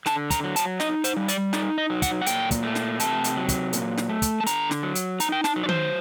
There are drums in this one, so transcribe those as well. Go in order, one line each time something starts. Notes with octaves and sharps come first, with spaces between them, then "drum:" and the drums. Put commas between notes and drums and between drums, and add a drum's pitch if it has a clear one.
D3 A5, drum: snare
A#5, drum: kick, hi-hat
F#3
A5, drum: hi-hat
D#4 D#5, drum: snare
C5, drum: hi-hat
G3
D5, drum: hi-hat
D#4 D5, drum: snare
D#5
F#3
F#5, drum: kick, hi-hat
F#5
A#2 G5, drum: hi-hat
drum: kick, hi-hat
A3
drum: snare
C3 A5, drum: hi-hat
drum: hi-hat
F#3
drum: kick, hi-hat
A#2, drum: hi-hat
drum: snare
A3
drum: kick, hi-hat
A5
D3 A#5, drum: hi-hat
drum: snare
F#3
drum: hi-hat
D#4 A#5, drum: hi-hat
G5
A5, drum: snare
F#3
D5
C5, drum: tom D#3